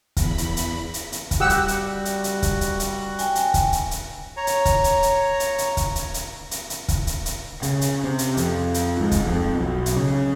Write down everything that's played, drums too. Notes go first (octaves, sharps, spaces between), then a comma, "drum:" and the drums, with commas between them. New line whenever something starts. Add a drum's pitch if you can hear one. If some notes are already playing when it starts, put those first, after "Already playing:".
E2 B5, drum: kick, hi-hat
drum: hi-hat
drum: hi-hat
drum: hi-hat
drum: hi-hat
drum: kick, hi-hat
G3 F#4 G4 F#5 E6
drum: hi-hat
drum: hi-hat
drum: hi-hat
drum: hi-hat
drum: kick, hi-hat
drum: hi-hat
drum: hi-hat
G5 G#5, drum: hi-hat
drum: hi-hat
drum: kick, hi-hat
drum: hi-hat
drum: hi-hat
C#5 A#5
drum: hi-hat
drum: kick, hi-hat
drum: hi-hat
drum: hi-hat
drum: hi-hat
drum: hi-hat
drum: kick, hi-hat
drum: hi-hat
drum: hi-hat
drum: hi-hat
drum: hi-hat
drum: kick, hi-hat
drum: hi-hat
drum: hi-hat
C#3, drum: hi-hat
drum: hi-hat
C3
drum: hi-hat
F2, drum: hi-hat
drum: hi-hat
G#2
drum: kick, hi-hat
F2
B1
drum: hi-hat
C#3